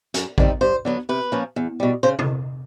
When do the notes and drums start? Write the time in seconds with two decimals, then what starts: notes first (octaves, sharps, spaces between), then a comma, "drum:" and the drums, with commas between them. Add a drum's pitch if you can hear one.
0.14 F#2, drum: hi-hat
0.38 D#3 G3 C4 D#4, drum: kick A1
0.61 G2 C5
0.85 D3 F#3 B3
1.09 C3 B4
1.32 F3 A#3 C#4
1.56 E2
1.80 B2 G3
2.03 C#3 C5
2.19 drum: tom C3